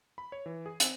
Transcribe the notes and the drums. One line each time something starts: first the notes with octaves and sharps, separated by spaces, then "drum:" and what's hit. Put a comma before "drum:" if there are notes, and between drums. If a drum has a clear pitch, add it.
B5
C#5
E3
G#4
C4, drum: hi-hat